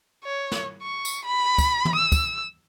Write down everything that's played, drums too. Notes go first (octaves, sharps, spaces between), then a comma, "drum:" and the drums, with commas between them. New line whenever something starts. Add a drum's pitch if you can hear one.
C#5
drum: snare
C#6
drum: tambourine
B5
drum: kick, tambourine
drum: tom
E6
drum: kick, tambourine